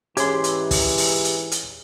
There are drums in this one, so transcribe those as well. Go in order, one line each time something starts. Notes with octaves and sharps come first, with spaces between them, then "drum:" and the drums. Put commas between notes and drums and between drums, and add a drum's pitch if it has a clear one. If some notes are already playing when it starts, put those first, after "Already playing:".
G#2 E3 C#4 G4 G#4 C6 G#6, drum: hi-hat
drum: hi-hat
drum: kick, open hi-hat
drum: open hi-hat
drum: hi-hat
drum: hi-hat